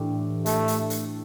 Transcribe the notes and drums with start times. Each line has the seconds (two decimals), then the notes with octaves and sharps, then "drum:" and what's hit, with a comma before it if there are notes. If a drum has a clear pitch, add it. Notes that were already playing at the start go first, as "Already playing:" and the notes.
Already playing: A2 E3 A3 D4 G4
0.46 A3, drum: hi-hat
0.68 drum: hi-hat
0.90 drum: hi-hat